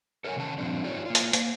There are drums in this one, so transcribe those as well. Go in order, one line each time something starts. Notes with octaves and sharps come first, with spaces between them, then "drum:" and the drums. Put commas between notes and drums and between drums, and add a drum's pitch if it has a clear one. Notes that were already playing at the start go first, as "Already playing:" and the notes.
A4 A#4 C#5 D#5 F#5 G#5
C3 D#3 C#4 A5
G2 A#2 F3 C4 D4
D#4 F4 G4 C#5 D5
A#3 F4
drum: hi-hat
A#3, drum: hi-hat